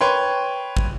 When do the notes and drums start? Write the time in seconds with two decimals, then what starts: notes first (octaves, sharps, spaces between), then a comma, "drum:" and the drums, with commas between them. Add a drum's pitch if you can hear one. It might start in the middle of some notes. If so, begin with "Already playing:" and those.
0.01 B4 C#5 G5 C6
0.77 drum: kick